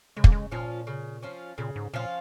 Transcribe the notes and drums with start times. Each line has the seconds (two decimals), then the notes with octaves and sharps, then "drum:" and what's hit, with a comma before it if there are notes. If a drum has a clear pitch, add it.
0.17 C#3 G#3
0.24 A#3, drum: kick
0.32 G#3
0.51 A#2 F3 C#4 F4
0.87 C#3
1.23 F3 C#4 F4
1.58 A#2 C#3
1.76 G#2
1.94 A#2 F3 C#4 F4